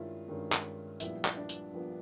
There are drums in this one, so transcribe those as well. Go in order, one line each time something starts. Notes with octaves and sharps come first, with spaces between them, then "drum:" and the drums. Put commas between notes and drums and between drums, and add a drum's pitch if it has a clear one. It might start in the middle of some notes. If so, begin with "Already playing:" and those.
Already playing: G2 D#3 G#3 C#4 E4 F4
G2 D#3 G#3 C#4
drum: clap
A#1 A#2 G3 B3 E4, drum: tambourine
drum: clap
D4
drum: tambourine
A#1 A#2 G3 B3